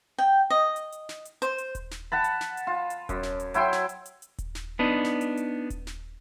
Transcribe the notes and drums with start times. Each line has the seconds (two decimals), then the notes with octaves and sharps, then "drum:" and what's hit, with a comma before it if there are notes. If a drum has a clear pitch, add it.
0.18 G5
0.50 D#5
0.76 drum: hi-hat
0.92 drum: hi-hat
1.09 drum: snare
1.25 drum: hi-hat
1.42 C5, drum: hi-hat
1.58 drum: hi-hat
1.75 drum: kick D#1, hi-hat
1.91 drum: snare
2.12 F#5 A5 B5
2.24 drum: hi-hat
2.41 drum: snare
2.57 drum: hi-hat
2.67 F4
2.90 drum: hi-hat
3.09 F#2, drum: kick D#1, hi-hat
3.23 drum: snare
3.40 drum: hi-hat
3.54 F#3 E4 G5 C6, drum: hi-hat
3.73 drum: snare
3.89 drum: hi-hat
4.06 drum: hi-hat
4.22 drum: hi-hat
4.38 drum: kick D#1, hi-hat
4.55 drum: snare
4.79 B3 D4 D#4
5.04 drum: snare
5.21 drum: hi-hat
5.37 drum: hi-hat
5.70 drum: kick D#1, hi-hat
5.87 drum: snare